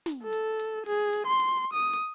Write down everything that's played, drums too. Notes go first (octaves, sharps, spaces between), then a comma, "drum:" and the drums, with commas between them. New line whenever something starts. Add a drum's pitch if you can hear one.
drum: snare
A4
drum: hi-hat
drum: hi-hat
G#4, drum: open hi-hat
drum: hi-hat
C6
drum: open hi-hat
D#6
drum: open hi-hat